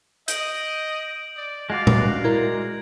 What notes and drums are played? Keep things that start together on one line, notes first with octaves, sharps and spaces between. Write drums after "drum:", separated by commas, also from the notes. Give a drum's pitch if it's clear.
D#5 G6 D7 F#7, drum: hi-hat
D5
G#3 F#4 D5 F5
drum: tom A#2
E4 A#4 G#6